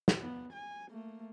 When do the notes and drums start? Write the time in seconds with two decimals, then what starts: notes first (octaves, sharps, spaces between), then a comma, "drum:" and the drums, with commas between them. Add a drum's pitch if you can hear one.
0.08 drum: snare
0.21 B3
0.53 G#5
0.91 A3 A#3